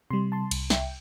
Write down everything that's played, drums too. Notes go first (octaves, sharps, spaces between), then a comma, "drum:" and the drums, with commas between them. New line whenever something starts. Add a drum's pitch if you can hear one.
C3 G3 C6
A5 C6
C2, drum: cymbal
E5 G5, drum: snare